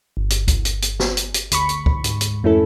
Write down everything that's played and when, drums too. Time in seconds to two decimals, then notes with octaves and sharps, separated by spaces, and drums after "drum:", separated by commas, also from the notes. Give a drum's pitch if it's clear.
0.17 G1
0.30 drum: hi-hat
0.48 drum: kick C#2, hi-hat
0.65 drum: hi-hat
0.82 drum: hi-hat
1.00 drum: snare
1.17 drum: hi-hat
1.34 drum: hi-hat
1.52 D2 B5 C#6, drum: hi-hat
1.69 drum: hi-hat
1.86 drum: kick C#2
2.04 G#2, drum: hi-hat
2.21 drum: hi-hat
2.43 F2 A3 C#4 E4 A4